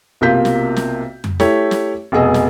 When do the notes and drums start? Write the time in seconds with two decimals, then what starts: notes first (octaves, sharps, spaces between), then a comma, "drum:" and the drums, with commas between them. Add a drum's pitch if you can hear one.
0.21 B1 C3 A#3 F4 G6 B6
0.45 drum: snare
0.76 drum: snare
1.24 drum: tom F2
1.40 A3 E4 G4 C#5, drum: snare
1.71 drum: snare
2.12 F1 B2 G#4 D#5 E6
2.34 drum: snare